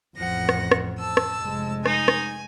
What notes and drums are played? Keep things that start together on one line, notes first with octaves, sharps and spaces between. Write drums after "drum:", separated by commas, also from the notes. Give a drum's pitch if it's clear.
A1 F2 F3 F#5 A#6
drum: rim click
drum: rim click
A5 E6
drum: rim click
F1 G#3
D#4 G#5, drum: rim click
drum: rim click